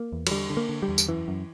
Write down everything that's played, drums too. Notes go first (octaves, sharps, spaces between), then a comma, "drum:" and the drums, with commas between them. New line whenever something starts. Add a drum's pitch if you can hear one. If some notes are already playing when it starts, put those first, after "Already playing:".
Already playing: A#3
E2
F#3, drum: cymbal
D3 G3
D3
A#3
D3
G3
E2
drum: tambourine
F#2 E3
F#2